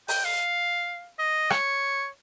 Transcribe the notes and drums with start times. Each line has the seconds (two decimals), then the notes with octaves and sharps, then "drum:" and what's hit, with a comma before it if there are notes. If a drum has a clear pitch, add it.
0.08 G5, drum: open hi-hat
0.24 F5
1.19 D#5
1.50 C#5, drum: rim click